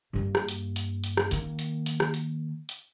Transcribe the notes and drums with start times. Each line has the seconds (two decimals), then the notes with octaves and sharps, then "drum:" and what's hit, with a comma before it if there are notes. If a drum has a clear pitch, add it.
0.13 G2 A#3
0.35 drum: rim click
0.49 drum: hi-hat
0.76 drum: hi-hat
1.04 drum: hi-hat
1.17 drum: rim click
1.31 D#3 A#3, drum: hi-hat
1.59 drum: hi-hat
1.86 drum: hi-hat
2.00 drum: rim click
2.14 drum: hi-hat
2.69 drum: hi-hat